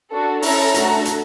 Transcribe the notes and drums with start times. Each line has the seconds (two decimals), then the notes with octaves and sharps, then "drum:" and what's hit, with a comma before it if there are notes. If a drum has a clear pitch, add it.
0.11 D4 F#4 A4
0.42 C#4 E4 A4 A#5, drum: open hi-hat
0.74 A3 D4 F#4 A4, drum: hi-hat
1.05 drum: hi-hat